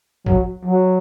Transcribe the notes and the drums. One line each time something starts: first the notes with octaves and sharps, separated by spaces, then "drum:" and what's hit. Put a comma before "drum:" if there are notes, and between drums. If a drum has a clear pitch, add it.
F#3, drum: kick
F#3